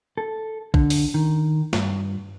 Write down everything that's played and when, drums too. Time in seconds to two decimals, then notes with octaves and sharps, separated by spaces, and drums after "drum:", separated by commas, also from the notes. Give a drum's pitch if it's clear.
0.18 A4
0.74 D3, drum: kick A#1
0.90 drum: open hi-hat
1.14 D#3
1.73 G2, drum: snare